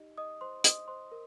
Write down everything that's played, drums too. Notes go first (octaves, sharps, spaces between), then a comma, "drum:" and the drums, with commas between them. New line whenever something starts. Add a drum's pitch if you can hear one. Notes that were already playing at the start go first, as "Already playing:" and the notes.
Already playing: D#4 G4 D5 D#5
D#5 D#6
C5 C6
D#5 D#6, drum: hi-hat
C5 C6
A#4